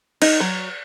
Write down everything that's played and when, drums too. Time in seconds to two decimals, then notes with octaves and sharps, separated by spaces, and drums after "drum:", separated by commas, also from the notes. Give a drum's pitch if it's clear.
0.22 D#4, drum: cymbal
0.40 F#3